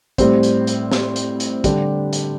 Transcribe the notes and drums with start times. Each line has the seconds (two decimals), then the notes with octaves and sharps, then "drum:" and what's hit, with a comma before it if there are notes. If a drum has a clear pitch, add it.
0.18 A2 G3 C4, drum: kick, hi-hat
0.43 drum: hi-hat
0.67 drum: hi-hat
0.92 drum: snare
1.16 drum: hi-hat
1.40 drum: hi-hat
1.64 D3 G3 D4 G4, drum: kick, hi-hat
2.13 drum: hi-hat